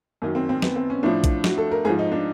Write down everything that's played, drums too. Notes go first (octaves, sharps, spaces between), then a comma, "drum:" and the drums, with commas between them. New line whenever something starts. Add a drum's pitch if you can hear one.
F#2 D#3 F#3 A#3
C4
C4
B3, drum: snare
C4
C#4
A2 F3 D4
drum: kick A#1, hi-hat
F#4, drum: snare
A4
A#4
G#2 F3 G#4
D#4
D4